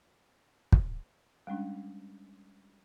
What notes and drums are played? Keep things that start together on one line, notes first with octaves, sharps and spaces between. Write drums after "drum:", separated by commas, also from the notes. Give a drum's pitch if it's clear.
drum: kick
G3 G#3 C#4 D4